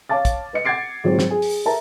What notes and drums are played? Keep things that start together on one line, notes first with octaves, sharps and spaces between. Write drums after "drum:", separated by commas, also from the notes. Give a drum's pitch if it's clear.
C#5 F5 A5 D6 A6
drum: kick, hi-hat
B4 D#5 C#7
F#5 D6 G#6 A6 C7 D7
G#2 F#3 C4
drum: snare
G#4
drum: open hi-hat
A#4 E5 A5 A#5